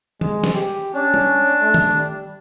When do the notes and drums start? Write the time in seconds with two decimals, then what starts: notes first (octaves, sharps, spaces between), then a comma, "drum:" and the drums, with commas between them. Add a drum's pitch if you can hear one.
0.21 G#3, drum: tom D#3
0.44 drum: snare
0.54 G4
0.94 C#4 D4
1.14 drum: tom G3
1.61 A3
1.74 drum: tom D#3
1.95 G3